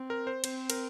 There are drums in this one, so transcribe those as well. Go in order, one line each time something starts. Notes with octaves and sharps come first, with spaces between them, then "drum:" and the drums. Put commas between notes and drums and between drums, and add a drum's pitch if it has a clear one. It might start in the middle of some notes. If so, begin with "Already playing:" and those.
Already playing: C4
A#4
C5
C4 C5, drum: cymbal
A#4, drum: cymbal